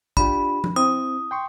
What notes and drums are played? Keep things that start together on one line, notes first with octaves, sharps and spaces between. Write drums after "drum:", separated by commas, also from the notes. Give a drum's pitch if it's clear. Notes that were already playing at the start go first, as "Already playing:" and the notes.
D4 F4 G4 B5, drum: kick
drum: tom F3
C4 E4 D#6
G5 C6 C#6